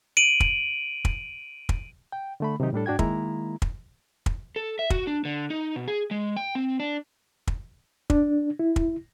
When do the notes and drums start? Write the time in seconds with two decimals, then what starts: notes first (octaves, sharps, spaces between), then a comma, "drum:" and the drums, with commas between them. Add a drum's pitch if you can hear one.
0.17 D7 D#7 F#7
0.40 drum: kick
1.05 drum: kick
1.69 drum: kick
2.12 G5
2.40 D3 A3 B5
2.60 C3 D#3 F#3 D#4 G4
2.73 A2 G3 D4 A4
2.86 G#2 D4 F#4 G5 G#6
2.99 D#3 G#3 A#3 E4 A#5, drum: kick
3.62 drum: kick
4.26 drum: kick
4.56 A4
4.79 E5
4.90 F#4, drum: kick
5.07 D4
5.25 D3
5.50 D#4
5.76 B2
5.88 G#4
6.11 G#3
6.37 G5
6.55 C4
6.80 D4
7.47 drum: kick
8.10 D4, drum: kick
8.59 E4
8.76 drum: kick